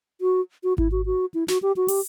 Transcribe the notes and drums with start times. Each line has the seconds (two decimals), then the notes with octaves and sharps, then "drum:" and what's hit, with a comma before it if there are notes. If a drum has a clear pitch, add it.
0.21 F#4
0.64 F#4
0.78 E4, drum: kick G#1
0.92 F#4
1.06 F#4
1.34 E4
1.48 F#4, drum: snare
1.62 G4
1.76 F#4
1.88 G4, drum: open hi-hat